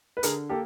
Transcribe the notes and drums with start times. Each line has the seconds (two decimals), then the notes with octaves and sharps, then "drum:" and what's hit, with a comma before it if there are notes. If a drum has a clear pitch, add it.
0.17 B4
0.23 D3 G#4 A#4, drum: hi-hat
0.49 A#3 G4 A4